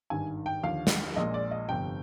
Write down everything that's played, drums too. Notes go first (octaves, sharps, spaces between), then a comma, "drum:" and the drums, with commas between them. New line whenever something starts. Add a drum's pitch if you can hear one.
G#1 G2 D#3 G#5
G5
D#2 D3 F3 F5
drum: snare
A#1 A#2 G#3 D#5
D5
D#5
G1 F2 C3 G5